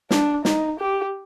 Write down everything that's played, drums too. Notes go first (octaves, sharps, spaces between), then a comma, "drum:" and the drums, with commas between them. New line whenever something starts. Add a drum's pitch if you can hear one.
D4, drum: snare
D#4, drum: snare
G4